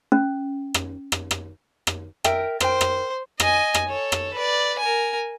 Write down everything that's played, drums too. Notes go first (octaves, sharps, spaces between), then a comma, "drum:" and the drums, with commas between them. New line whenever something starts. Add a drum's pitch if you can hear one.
C#4
drum: rim click
drum: rim click
drum: rim click
drum: rim click
A#4 E5 G5, drum: rim click
A#4 C5 G5, drum: rim click
drum: rim click
D#5 G#5, drum: rim click
drum: rim click
A4 C#5
drum: rim click
B4 D5
A#4 G#5